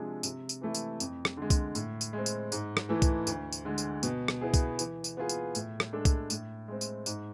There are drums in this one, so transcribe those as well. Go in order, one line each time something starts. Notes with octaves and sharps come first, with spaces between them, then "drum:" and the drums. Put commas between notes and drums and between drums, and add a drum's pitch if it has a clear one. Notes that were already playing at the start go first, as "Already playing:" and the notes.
Already playing: C3 F3 G#3 D4 G#4
C3, drum: tambourine
drum: tambourine
E3 A3 E4
drum: tambourine
F2, drum: tambourine
drum: rim click
D3 G#3
drum: kick C2, tambourine
A2, drum: tambourine
drum: tambourine
G#3 C4
drum: tambourine
G#2, drum: tambourine
drum: rim click
E3 A3 E4
drum: kick C2, tambourine
D2, drum: tambourine
drum: tambourine
D3 G#3
drum: tambourine
B2, drum: tambourine
drum: rim click
B3 E4 G#4
drum: kick C2, tambourine
E3, drum: tambourine
drum: tambourine
B3 F4 G#4
drum: tambourine
A2, drum: tambourine
drum: rim click
G#3 D4 A4
drum: kick C2, tambourine
A2, drum: tambourine
G#3 C4
drum: tambourine
G#2, drum: tambourine